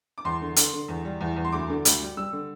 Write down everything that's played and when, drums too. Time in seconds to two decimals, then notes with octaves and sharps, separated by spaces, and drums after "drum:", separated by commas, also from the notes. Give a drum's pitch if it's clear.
0.18 D6
0.25 E2 C6
0.42 D3
0.56 D3, drum: hi-hat
0.73 D3
0.88 E2
1.05 G3
1.21 E2
1.36 E2
1.45 C6
1.52 D2 D6
1.70 D3
1.85 D2, drum: hi-hat
2.01 G3
2.17 G3 E6
2.33 D3